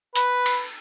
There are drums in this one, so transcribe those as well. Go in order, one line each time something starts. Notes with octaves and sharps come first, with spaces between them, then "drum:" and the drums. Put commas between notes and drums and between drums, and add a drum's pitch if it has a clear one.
B4, drum: hi-hat
drum: cymbal